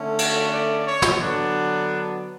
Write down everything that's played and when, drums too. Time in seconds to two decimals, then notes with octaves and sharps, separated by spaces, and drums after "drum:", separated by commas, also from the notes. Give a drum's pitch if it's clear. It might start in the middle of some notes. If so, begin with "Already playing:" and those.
Already playing: D3 A3 C#4
0.19 F#4, drum: cymbal
0.53 D5
0.87 C#5
1.02 drum: snare
1.21 D3 F#3 B3 D4